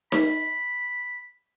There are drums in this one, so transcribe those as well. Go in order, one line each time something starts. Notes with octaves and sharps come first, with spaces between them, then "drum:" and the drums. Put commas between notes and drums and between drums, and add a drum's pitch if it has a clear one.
B5, drum: snare D#4